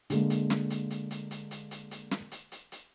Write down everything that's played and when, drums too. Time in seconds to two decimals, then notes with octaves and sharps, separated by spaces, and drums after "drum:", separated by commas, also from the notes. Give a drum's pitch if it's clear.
0.10 D3 G#3 A#3, drum: hi-hat
0.30 drum: hi-hat
0.50 drum: snare
0.70 drum: hi-hat
0.90 drum: hi-hat
1.11 drum: hi-hat
1.31 drum: hi-hat
1.51 drum: hi-hat
1.71 drum: hi-hat
1.91 drum: hi-hat
2.11 drum: snare
2.32 drum: hi-hat
2.52 drum: hi-hat
2.72 drum: hi-hat